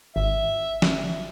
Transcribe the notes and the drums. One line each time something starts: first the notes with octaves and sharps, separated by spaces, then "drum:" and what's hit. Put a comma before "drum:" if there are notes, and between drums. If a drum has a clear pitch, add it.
G#1 E5
drum: snare